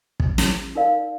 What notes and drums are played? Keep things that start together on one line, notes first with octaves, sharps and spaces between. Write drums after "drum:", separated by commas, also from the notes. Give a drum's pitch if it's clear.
drum: kick
drum: snare
D#4 A#4 D5 F5